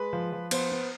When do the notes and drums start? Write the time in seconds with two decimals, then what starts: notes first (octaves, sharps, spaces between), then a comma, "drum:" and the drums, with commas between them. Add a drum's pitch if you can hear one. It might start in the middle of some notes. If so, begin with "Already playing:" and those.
Already playing: G#3 B4
0.13 F3
0.33 F3
0.51 B3 C5, drum: cymbal
0.72 B3